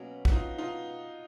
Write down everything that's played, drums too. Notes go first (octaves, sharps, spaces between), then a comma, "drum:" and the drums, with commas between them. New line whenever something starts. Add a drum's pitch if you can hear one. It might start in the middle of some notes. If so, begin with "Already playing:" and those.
Already playing: B2 F#3 A#3 C#4
F#4, drum: kick
D#4 F4
D#4 F4